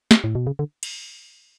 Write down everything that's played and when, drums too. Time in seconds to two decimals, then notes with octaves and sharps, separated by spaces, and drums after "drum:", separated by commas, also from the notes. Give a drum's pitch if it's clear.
0.11 drum: snare
0.24 A2
0.35 B2
0.47 C#3
0.59 D3
0.83 drum: cymbal